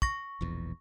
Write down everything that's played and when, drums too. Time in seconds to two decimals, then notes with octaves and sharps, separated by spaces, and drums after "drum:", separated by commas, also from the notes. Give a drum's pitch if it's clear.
0.02 C#6 A#6, drum: kick
0.41 E1 A#1 E2